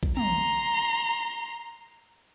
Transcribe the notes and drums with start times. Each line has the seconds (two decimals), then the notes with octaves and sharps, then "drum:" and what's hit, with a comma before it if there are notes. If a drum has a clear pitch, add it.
0.03 drum: kick A#1
0.17 A#5 C6, drum: tom